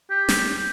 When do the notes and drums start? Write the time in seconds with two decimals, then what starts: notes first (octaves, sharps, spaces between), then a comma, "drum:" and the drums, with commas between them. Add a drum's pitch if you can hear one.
0.11 G4
0.29 drum: snare